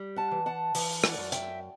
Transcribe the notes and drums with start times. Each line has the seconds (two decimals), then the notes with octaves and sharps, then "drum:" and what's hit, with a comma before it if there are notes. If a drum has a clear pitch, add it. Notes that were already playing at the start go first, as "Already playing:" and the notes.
Already playing: G3
0.16 F#5 A5
0.31 E3
0.46 F#5 A5
0.75 E3, drum: open hi-hat
1.04 D5 F#5, drum: rim click
1.18 F#2
1.32 E5 G5, drum: hi-hat